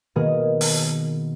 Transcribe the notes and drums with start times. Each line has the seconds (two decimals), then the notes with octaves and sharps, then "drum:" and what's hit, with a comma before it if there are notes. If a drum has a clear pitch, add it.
0.16 B2 D#3 A#3 G#4
0.61 drum: open hi-hat